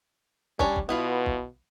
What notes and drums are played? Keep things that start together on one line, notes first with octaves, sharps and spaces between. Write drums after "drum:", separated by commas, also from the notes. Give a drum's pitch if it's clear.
G3 C#4 D4 C#5, drum: kick
drum: kick
B2 B3 E4 F4
drum: kick